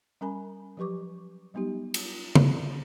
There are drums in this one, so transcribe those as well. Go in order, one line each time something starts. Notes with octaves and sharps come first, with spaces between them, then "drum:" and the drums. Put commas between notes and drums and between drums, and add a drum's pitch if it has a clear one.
G3 C#4 A#4 G#5 B5
F3 F#3 G4 B4 C#6 D6
F#3 G3 B3 D#4 G4
drum: cymbal
drum: tom C#3